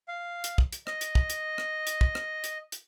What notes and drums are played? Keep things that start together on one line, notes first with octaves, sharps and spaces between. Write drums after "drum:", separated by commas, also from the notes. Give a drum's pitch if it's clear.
F5
drum: hi-hat
drum: kick
drum: hi-hat
D#5, drum: rim click
drum: hi-hat
drum: kick
drum: hi-hat
drum: rim click
drum: hi-hat
drum: kick
drum: rim click
drum: hi-hat
drum: hi-hat